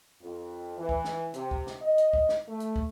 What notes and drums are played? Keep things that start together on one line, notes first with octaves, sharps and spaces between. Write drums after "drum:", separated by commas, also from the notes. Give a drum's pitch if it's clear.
F2
E3
drum: kick
drum: snare
C3, drum: hi-hat
drum: kick
drum: snare
D#5
drum: hi-hat
drum: kick
drum: snare
A3
drum: hi-hat
drum: kick